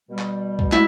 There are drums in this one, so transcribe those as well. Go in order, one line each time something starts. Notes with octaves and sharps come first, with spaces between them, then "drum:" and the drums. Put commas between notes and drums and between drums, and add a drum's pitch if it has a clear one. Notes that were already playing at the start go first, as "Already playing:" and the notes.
B2 G3
drum: clap
drum: kick
F#3 G#3 E4, drum: clap